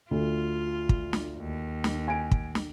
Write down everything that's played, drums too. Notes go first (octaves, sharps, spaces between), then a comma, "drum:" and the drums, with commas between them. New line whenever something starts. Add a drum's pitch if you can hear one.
D2 F4
drum: kick
drum: snare
D#2
drum: snare
G#5 D7
drum: kick
drum: snare